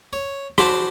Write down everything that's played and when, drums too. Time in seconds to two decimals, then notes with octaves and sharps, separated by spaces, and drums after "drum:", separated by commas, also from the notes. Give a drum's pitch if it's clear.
0.13 C#5
0.58 F#4 C5 A5 B5 D6, drum: rim click